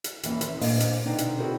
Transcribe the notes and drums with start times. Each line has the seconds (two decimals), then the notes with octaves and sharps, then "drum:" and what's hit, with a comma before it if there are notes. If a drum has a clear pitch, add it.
0.04 drum: hi-hat
0.23 D#2 E3 C#4, drum: hi-hat
0.41 B4 C5, drum: hi-hat
0.61 A#2 D4 C5 D#5 F5, drum: open hi-hat
0.80 drum: hi-hat
1.05 B2 D3 C4 D4 D#4
1.18 drum: hi-hat
1.38 C4 E4 F#4 G#4 A#4 C5